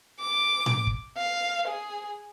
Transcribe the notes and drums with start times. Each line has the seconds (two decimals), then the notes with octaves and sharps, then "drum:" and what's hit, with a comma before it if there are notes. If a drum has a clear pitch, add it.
0.20 D6
0.66 drum: tom A2
0.87 drum: kick
1.17 F5
1.67 G#4